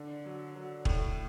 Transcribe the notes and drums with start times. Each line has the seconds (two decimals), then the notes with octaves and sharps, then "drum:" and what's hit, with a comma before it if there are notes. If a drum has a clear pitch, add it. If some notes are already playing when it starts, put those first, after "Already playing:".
Already playing: D3
0.25 F#3
0.55 F#3
0.85 A2, drum: kick E1